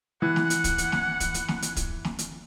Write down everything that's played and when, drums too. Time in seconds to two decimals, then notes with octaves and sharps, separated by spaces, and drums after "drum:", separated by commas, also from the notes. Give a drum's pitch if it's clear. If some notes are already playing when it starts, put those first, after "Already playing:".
0.22 E3 F#5
0.36 drum: snare
0.50 drum: hi-hat
0.64 drum: kick, hi-hat
0.78 drum: hi-hat
0.92 drum: snare
1.20 drum: kick, hi-hat
1.34 drum: hi-hat
1.48 drum: snare
1.62 drum: hi-hat
1.76 drum: kick, hi-hat
2.05 drum: snare
2.19 drum: hi-hat